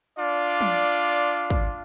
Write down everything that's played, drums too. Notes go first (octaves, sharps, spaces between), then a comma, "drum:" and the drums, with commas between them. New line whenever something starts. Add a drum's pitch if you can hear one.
D4 F4 D5
drum: tom
drum: kick